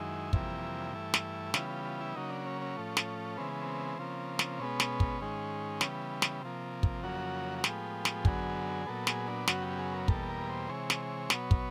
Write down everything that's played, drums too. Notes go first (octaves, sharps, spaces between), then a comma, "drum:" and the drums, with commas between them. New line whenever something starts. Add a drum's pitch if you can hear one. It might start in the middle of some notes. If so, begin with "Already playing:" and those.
Already playing: F#2 D#3 G#3 E4
F2 C3 E3 G3 A#3, drum: kick
G2 E3 A3
drum: snare
C#3 E3 G3 B3 F4, drum: snare
F4
F4
E4
C#3 F#3 A#3 D#4
D4
C#4
C#4
A2 F3 A3
drum: snare
C#3 E3 G#3 B3 C4
C4
C#3 F3 A#3
drum: snare
B2 G#3 B3 C#4
drum: snare
drum: kick
G#2 D#3 G#3
C#3 E3 G3 B3, drum: snare
drum: snare
C3 F3 A#3
drum: kick
F2 C#3 F#3 A#3 F#4
F#4
A2 F3 G#3 B3 G4, drum: snare
drum: snare
F#2 D3 F#3 B3 G#4, drum: kick
A#2 F#3 B3 A4
G#4, drum: snare
D4
F#2 C#3 F#3 B3 F#4, drum: snare
G4
G#4
A#4
E2 B2 G3 A#3 A4, drum: kick
A#4
C5
C3 E3 G#3 C#5
drum: snare
B2 F#3 B3, drum: snare
drum: kick